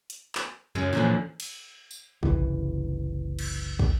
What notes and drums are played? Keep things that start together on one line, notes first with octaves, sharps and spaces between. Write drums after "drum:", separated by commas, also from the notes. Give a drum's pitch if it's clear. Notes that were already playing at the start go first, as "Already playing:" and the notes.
drum: hi-hat
drum: clap
F#2 C#3 G#3
E2 A#2 D3 F3
drum: cymbal
drum: tambourine
F#1 C2 E3, drum: kick
drum: cymbal
drum: kick